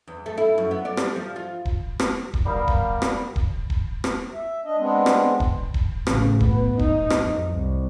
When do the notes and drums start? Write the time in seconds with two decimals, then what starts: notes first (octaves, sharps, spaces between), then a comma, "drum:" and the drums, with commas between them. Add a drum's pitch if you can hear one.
0.07 E2
0.26 A3
0.38 E4
0.58 F#2
0.71 B3
0.85 D5
0.97 G3, drum: rim click
1.16 F3
1.36 F4
1.65 drum: kick D#1
2.00 drum: rim click
2.34 drum: kick D#1
2.45 G3 B3 A#4 F5
2.68 drum: kick D#1
3.02 drum: rim click
3.36 drum: kick D#1
3.70 drum: kick D#1
4.04 drum: rim click
4.34 E5
4.65 D4 D#5
4.78 G#3 B3 C4 D4
5.06 drum: rim click
5.40 drum: kick D#1
5.74 drum: kick D#1
6.07 A1 C#3, drum: rim click
6.40 B3, drum: kick D#1
6.79 D#4, drum: kick D#1
7.10 drum: rim click
7.22 F2
7.52 C2